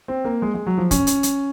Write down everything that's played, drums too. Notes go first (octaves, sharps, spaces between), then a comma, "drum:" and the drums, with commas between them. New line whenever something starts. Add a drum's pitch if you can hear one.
C4
A#3
G#3
G#3
F#3
F3
C#4, drum: kick, hi-hat
drum: hi-hat
drum: hi-hat